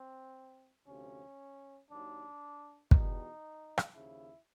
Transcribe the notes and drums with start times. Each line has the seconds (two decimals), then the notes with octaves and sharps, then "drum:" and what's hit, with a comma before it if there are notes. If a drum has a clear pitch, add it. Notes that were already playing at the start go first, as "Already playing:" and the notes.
Already playing: C4
0.87 D2 C3 F3 C#4
1.90 D#2 D#3 F#3 D4
2.91 E2 B2 G3 D#4, drum: kick
3.78 drum: rim click
3.94 D#2 C#3 F3 E4